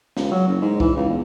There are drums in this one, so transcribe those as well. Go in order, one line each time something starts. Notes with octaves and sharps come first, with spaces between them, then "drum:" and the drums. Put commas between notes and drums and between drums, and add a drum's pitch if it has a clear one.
C#2, drum: snare
F#3
F#1
G#2
E3, drum: kick
C#2
E2